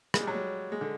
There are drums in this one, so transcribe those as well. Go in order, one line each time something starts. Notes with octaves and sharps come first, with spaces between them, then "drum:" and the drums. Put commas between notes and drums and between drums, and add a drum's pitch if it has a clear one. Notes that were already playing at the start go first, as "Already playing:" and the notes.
G#3, drum: rim click
G3
F#3
G3
G#3
D3